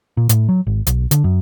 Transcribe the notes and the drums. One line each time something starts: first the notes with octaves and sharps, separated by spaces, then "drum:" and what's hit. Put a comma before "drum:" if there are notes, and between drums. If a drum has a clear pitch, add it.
A#2
A2, drum: hi-hat
F#3
G#1
B1, drum: hi-hat
D3, drum: hi-hat
F#2